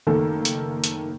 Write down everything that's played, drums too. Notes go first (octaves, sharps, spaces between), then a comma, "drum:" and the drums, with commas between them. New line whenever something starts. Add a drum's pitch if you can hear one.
F#1 D#3 A3 A#3 A4
drum: hi-hat
drum: hi-hat